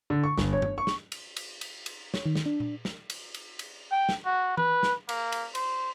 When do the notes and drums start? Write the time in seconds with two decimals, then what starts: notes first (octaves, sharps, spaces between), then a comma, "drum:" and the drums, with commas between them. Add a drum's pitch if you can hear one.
0.10 D3
0.24 C#6
0.38 G1, drum: snare
0.53 C#5
0.62 drum: tom G2
0.78 C#6
0.87 drum: snare
1.12 drum: cymbal
1.37 drum: cymbal
1.61 drum: cymbal
1.86 drum: cymbal
2.14 C#5, drum: snare
2.26 D#3
2.35 drum: snare
2.46 D4
2.60 drum: tom A#2
2.85 drum: snare
3.10 drum: cymbal
3.34 drum: cymbal
3.59 drum: cymbal
3.92 G5
4.09 drum: snare
4.25 F#4
4.57 B4, drum: tom E3
4.83 drum: snare
5.09 A#3, drum: cymbal
5.32 drum: cymbal
5.55 C5, drum: cymbal